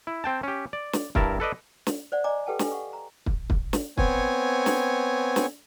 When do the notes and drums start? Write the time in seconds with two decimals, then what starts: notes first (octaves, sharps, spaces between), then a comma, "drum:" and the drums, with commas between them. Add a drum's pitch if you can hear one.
0.07 E4
0.24 C4 G5 A5
0.43 C#4 G4
0.73 D5
0.93 drum: snare
1.15 G2 E4 A#4 A5, drum: kick
1.40 A4 B4 D5 D#5
1.87 drum: snare
2.12 C5 D5 F#5
2.24 D5 D#5 G#5 A#5 D6
2.46 G4 A4 B4 F#5 G5 A5
2.59 G4 A4 F5 G#5, drum: snare
2.72 F#5 C#6
2.93 A#5
3.26 drum: kick
3.50 drum: kick
3.73 drum: snare
3.98 B3 C4 C#5 G#5, drum: kick
4.66 drum: snare
5.36 drum: snare